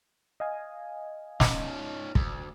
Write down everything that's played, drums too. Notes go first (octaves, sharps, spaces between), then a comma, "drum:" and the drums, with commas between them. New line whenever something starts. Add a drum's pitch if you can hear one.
D#5 F5 G#5
C#4 D#4, drum: snare
D2, drum: kick